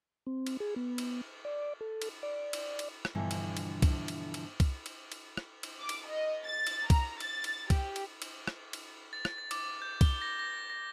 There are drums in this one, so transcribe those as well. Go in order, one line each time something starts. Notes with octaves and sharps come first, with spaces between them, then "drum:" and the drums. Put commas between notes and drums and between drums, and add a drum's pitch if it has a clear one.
C4
drum: cymbal
G#4
B3
drum: cymbal
D5
A4
drum: cymbal
D5
drum: cymbal
drum: cymbal
drum: rim click
G2 B2 D3 E3 F3
drum: cymbal
drum: cymbal
drum: kick C2, cymbal
drum: cymbal
drum: cymbal
drum: kick C2, cymbal
drum: cymbal
drum: cymbal
drum: rim click
drum: cymbal
D6
drum: cymbal
D#5
A6
drum: cymbal
A#5, drum: kick C2, cymbal
A6, drum: cymbal
drum: cymbal
G4, drum: kick C2, cymbal
drum: cymbal
drum: cymbal
drum: rim click
drum: cymbal
A6
drum: rim click
A6
D6, drum: cymbal
G6
G7, drum: kick C2, cymbal
A#6
A#6
A#6